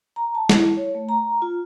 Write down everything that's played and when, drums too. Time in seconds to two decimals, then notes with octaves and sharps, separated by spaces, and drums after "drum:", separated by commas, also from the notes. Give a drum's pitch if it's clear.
0.16 A#5
0.35 A5
0.49 E4, drum: snare
0.77 C#5
0.95 A3
1.09 A#5
1.42 F4